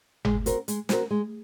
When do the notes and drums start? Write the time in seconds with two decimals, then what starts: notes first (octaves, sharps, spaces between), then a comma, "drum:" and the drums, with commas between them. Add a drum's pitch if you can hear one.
0.25 G#3, drum: tom G1
0.46 C4 F#4 A#4, drum: hi-hat
0.68 G#3, drum: hi-hat
0.89 C4 F#4 A#4, drum: snare
1.11 G#3